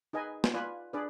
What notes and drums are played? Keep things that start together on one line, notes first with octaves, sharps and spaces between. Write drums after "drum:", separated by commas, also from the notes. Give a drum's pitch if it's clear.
D#4 G#4 B4 D#5 G#5
drum: snare
F4 B4 D5 G#5
D4 G#4 B4 D5